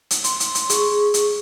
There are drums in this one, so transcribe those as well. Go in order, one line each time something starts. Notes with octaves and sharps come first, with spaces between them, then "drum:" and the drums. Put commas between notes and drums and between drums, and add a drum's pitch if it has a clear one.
drum: hi-hat
C6, drum: hi-hat
drum: hi-hat
drum: hi-hat
G#4 C#6, drum: hi-hat
drum: hi-hat